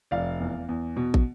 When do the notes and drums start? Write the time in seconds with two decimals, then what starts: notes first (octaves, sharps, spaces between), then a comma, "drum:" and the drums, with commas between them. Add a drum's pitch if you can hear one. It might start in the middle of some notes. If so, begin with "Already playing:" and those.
0.11 F1 D5 F5
0.40 E2
0.69 E2
0.97 B2
1.14 drum: kick